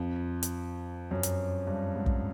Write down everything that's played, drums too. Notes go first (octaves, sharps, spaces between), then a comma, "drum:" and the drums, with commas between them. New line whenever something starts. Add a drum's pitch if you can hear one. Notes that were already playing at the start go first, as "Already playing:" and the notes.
Already playing: F2
drum: hi-hat
F#2
drum: hi-hat
G2
G#2
drum: kick